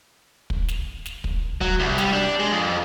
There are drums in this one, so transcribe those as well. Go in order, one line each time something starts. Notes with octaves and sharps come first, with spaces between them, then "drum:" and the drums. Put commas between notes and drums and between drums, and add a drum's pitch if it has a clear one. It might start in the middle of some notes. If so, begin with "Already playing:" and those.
drum: kick
drum: snare
drum: snare
drum: kick
F#3, drum: kick
C2
G3, drum: snare
D4
G#3
F2